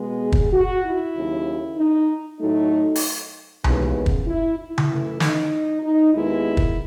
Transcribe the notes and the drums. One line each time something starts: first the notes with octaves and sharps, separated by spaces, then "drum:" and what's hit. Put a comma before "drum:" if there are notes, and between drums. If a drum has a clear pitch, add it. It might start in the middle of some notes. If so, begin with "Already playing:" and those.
Already playing: B2 G#3 B3
G#4
drum: kick
F#4
E4
D#2 C#3 F#3
D#4
A2 F#3 A3 D#4
drum: open hi-hat
D#2 C#3 E3 G#3 B3, drum: tom C2
drum: kick
E4
E4
drum: tom C#3
F#2 E3 A3
D#4, drum: snare
D#4
D#2 D#3 G#3 B3 E4
drum: kick